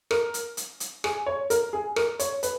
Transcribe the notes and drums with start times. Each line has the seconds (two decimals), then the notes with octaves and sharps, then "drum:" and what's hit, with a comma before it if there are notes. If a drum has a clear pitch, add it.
0.11 A#4, drum: rim click
0.34 drum: hi-hat
0.57 drum: hi-hat
0.80 drum: hi-hat
1.04 G#4, drum: rim click
1.26 C#5
1.50 A#4, drum: hi-hat
1.73 G#4
1.96 A#4, drum: rim click
2.19 C#5, drum: hi-hat
2.43 B4, drum: hi-hat